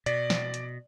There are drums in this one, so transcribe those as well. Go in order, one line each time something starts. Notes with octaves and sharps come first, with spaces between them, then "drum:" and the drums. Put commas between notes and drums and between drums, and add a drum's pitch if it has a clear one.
B2 D5, drum: hi-hat
drum: snare
drum: hi-hat